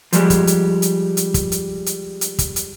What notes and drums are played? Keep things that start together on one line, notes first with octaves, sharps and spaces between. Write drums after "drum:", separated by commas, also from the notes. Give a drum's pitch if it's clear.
F3 G3 G#3, drum: hi-hat
drum: kick, hi-hat
drum: hi-hat
drum: hi-hat
drum: hi-hat
drum: kick, hi-hat
drum: hi-hat
drum: hi-hat
drum: hi-hat
drum: kick, hi-hat
drum: hi-hat